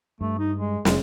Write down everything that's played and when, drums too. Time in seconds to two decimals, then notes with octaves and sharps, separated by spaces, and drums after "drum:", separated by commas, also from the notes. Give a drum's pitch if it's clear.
0.21 G2 A3
0.39 D#4
0.58 G#3
0.85 F1 G#3, drum: snare